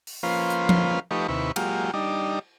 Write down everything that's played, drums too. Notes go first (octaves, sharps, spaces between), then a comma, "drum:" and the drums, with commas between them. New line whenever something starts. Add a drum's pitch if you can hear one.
drum: open hi-hat
F3 A#3 C#4 F4 B4 C5
drum: hi-hat
drum: tom F3
F3 A3 D#4 G4 B4 C#6
D#2 C3 E4 B4 C#6
F#3 G#3 A#3 F4 G4, drum: cymbal
G3 D4 D#4